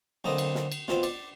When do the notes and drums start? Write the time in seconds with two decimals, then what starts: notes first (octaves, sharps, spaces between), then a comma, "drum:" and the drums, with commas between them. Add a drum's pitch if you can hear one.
0.24 B1 D3 A#3 C4 D#5
0.38 drum: cymbal
0.55 drum: snare
0.72 drum: cymbal
0.88 B2 C4 F4, drum: snare
1.03 D5, drum: cymbal